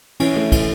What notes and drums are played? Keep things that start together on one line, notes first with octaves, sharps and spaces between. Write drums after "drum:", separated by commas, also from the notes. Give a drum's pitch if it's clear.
E3 C#4, drum: cymbal
A3
E3, drum: kick, cymbal